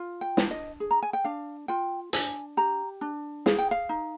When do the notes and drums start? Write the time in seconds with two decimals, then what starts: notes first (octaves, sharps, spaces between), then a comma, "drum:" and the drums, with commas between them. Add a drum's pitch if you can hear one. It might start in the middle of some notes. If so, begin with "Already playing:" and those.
Already playing: F4
0.21 G5
0.37 D4, drum: snare
0.51 D#5
0.80 G#4
0.91 A#5
1.03 G#5
1.13 G5
1.25 D4 F5
1.68 F4 G5
2.13 D4 G#5, drum: hi-hat
2.57 G4 A#5
3.01 D4
3.46 G#4 F5, drum: snare
3.59 G5
3.71 F5
3.89 D#4